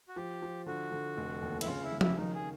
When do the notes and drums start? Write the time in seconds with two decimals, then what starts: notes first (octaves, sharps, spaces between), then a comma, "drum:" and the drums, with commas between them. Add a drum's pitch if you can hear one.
0.08 F#4
0.16 F3 G4
0.42 F3
0.66 D3 F#4
0.92 D3
1.17 F1
1.42 D#2
1.61 E4, drum: cymbal
1.66 C#3 F4
1.83 E4
1.92 C#3
2.01 E4, drum: tom F3
2.17 D#3 D#4
2.34 G#4